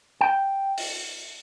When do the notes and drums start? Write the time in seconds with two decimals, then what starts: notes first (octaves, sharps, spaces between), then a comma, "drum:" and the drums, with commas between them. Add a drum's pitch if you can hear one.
0.21 G5
0.78 drum: open hi-hat